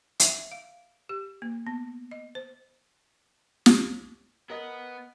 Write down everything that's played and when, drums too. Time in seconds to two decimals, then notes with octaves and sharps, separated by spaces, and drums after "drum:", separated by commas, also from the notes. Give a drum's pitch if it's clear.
0.20 E5, drum: hi-hat
0.52 F5
1.09 G4
1.42 A#3
1.67 B3
2.11 D#5
2.35 C5
3.66 drum: snare
4.50 B3 A#4 D#5